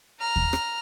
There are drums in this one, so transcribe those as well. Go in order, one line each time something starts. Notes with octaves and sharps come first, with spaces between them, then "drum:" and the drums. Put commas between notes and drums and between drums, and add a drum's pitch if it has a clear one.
A#5 F6
drum: kick D#2
drum: rim click